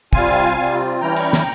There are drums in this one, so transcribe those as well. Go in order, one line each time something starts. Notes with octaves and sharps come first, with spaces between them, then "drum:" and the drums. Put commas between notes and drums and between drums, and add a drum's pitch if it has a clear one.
C3 G3 C4 F4 F5 G#5, drum: kick
C3 G3 C4 F4
E3 G3 C#4 E4 G5 A#5
drum: cymbal
drum: snare